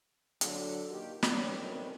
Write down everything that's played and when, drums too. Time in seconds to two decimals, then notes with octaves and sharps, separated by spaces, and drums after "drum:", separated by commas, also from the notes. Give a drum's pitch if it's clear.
0.41 D3 F#3, drum: hi-hat
0.90 A#2 D#3 A#3 G4
1.23 G2 D3 F#3 G3, drum: snare
1.58 B2 D#3 G3 A3 C4 C#4